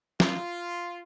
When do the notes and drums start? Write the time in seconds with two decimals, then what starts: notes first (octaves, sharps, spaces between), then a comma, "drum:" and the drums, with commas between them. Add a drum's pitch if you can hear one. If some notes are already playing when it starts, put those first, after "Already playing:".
0.20 F4, drum: snare